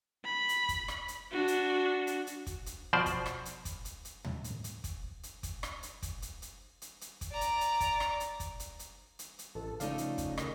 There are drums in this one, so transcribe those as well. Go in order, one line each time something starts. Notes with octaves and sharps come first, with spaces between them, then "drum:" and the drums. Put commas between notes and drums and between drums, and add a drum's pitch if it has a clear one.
B5
drum: hi-hat
drum: kick, hi-hat
drum: rim click
drum: hi-hat
D4 F#4
drum: hi-hat
drum: hi-hat
drum: hi-hat
drum: kick, hi-hat
drum: hi-hat
B2 F3 C5 D5
drum: kick, hi-hat
drum: rim click
drum: hi-hat
drum: kick, hi-hat
drum: hi-hat
drum: hi-hat
drum: tom
drum: hi-hat
drum: hi-hat
drum: kick, hi-hat
drum: hi-hat
drum: kick, hi-hat
drum: rim click
drum: hi-hat
drum: kick, hi-hat
drum: hi-hat
drum: hi-hat
drum: hi-hat
drum: hi-hat
drum: kick, hi-hat
D5 A#5
drum: hi-hat
drum: hi-hat
drum: kick, hi-hat
drum: rim click
drum: hi-hat
drum: kick, hi-hat
drum: hi-hat
drum: hi-hat
drum: hi-hat
drum: hi-hat
A1 A4
C#3 F3 A3 D#4 D5 F5, drum: hi-hat
drum: hi-hat
drum: kick, hi-hat
D#3 G#4 D#5, drum: rim click